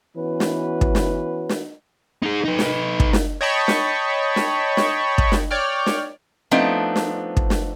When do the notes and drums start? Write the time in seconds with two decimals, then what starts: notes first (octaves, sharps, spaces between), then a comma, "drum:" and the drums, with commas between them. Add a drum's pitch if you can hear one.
0.16 E3 B3 C#4 F#4 B4
0.40 drum: snare
0.81 drum: kick
0.95 drum: snare
1.49 drum: snare
2.23 D#4 G#4
2.45 D#4 B4
2.59 drum: snare
3.00 drum: kick
3.13 drum: snare
3.41 C#5 D#5 G5 A5 B5 C#6
3.68 drum: snare
4.36 drum: snare
4.77 drum: snare
5.18 drum: kick
5.32 drum: snare
5.51 C#5 D5 G5 F6
5.86 drum: snare
6.51 F3 A3 B3 C4 D4 D#4
6.96 drum: snare
7.37 drum: kick
7.50 drum: snare